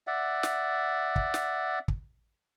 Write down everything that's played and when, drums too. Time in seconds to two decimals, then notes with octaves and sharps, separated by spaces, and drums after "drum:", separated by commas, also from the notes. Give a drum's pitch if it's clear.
0.07 D5 E5 F#5
0.43 drum: snare
1.16 drum: kick
1.34 drum: snare
1.88 drum: kick